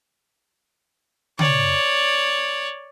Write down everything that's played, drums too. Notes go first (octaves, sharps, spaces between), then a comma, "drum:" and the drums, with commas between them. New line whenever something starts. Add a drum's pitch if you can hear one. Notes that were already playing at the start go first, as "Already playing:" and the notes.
C#5 D5, drum: tom C#3